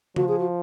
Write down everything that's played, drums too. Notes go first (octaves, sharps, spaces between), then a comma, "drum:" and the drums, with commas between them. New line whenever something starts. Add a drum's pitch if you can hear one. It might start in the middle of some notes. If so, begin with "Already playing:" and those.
F3 F#4, drum: tom C#3
G#4
F#4